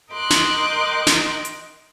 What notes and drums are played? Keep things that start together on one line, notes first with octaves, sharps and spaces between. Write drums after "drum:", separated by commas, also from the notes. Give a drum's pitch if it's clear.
A#4 D#5 G5 C6 D6 F#6
drum: snare
drum: snare
drum: hi-hat